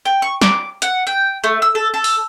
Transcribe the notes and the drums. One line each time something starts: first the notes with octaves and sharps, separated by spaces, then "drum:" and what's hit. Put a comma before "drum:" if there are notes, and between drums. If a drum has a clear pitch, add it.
G5
C#6
D6, drum: snare
F#5, drum: hi-hat
G5
A3
E6
A4
A4
drum: open hi-hat